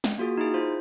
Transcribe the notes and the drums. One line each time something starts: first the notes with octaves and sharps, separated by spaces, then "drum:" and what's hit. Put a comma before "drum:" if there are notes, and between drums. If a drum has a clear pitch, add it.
drum: snare
A#3 F4 F#4 G#4
D#4 E4 G#4
F4 C5